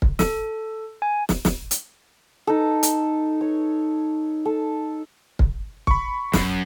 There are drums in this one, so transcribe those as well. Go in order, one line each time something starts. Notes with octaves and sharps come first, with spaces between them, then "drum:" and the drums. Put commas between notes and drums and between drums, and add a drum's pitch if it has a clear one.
drum: kick
A4, drum: snare
G#5
drum: snare
drum: snare
drum: hi-hat
D#4 A4
drum: hi-hat
C#5
A4
drum: kick
B5 C#6, drum: kick
F#2, drum: snare